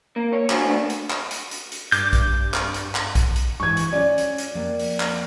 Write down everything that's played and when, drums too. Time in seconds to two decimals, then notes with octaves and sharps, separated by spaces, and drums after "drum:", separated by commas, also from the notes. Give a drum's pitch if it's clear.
0.16 A#3
0.33 C#5
0.50 G2 D3 F#4 C5 G#5, drum: clap
0.65 A3 B3 D4
0.90 drum: hi-hat
1.10 drum: clap
1.31 drum: hi-hat
1.51 drum: hi-hat
1.72 drum: hi-hat
1.92 G2 D6 G6, drum: hi-hat
2.13 drum: kick, hi-hat
2.54 drum: clap
2.74 drum: hi-hat
2.95 drum: clap
3.15 drum: kick, hi-hat
3.36 drum: hi-hat
3.60 G#2 E3 C#6 G#6
3.77 drum: hi-hat
3.93 C#4 F4 D5
4.18 drum: hi-hat
4.38 drum: hi-hat
4.55 F2 A#3
4.79 drum: open hi-hat
5.00 drum: clap